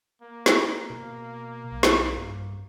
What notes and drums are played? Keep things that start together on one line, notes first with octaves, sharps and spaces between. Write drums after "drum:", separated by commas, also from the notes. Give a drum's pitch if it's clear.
A#3
drum: snare
B2
B1
drum: snare
G2